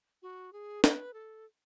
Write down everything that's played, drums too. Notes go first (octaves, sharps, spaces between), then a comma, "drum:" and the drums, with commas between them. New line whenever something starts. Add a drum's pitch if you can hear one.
F#4
G#4
B4, drum: snare
A4